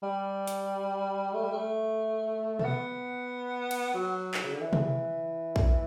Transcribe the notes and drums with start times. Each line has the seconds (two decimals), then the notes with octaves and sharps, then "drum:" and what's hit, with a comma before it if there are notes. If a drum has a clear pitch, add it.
0.03 G3
0.47 drum: hi-hat
1.34 A3
1.43 G3
1.51 A3
2.59 A3, drum: tom B2
2.64 B3
3.71 drum: cymbal
3.94 F#3
4.34 drum: clap
4.43 C#3
4.52 D3
4.61 E3
4.73 drum: tom C3
5.56 drum: kick A#1